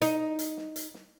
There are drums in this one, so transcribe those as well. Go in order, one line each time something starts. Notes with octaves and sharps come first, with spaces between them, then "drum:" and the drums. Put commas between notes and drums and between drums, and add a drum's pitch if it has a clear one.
D#4, drum: hi-hat
drum: hi-hat
drum: snare
drum: hi-hat
drum: snare